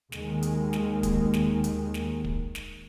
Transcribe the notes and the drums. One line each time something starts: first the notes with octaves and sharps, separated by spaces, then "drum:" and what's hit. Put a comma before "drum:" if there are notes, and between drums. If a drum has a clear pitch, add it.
D#2 D#3 G#3, drum: snare
drum: hi-hat
drum: snare
drum: kick, hi-hat
drum: snare
drum: hi-hat
drum: snare
drum: kick
drum: snare